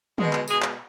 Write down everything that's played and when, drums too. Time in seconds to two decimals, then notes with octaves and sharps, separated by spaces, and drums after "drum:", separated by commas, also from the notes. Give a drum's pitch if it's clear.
0.18 B2 G#3, drum: tom
0.33 drum: clap
0.48 B2 G#3 G#4, drum: tambourine
0.62 drum: clap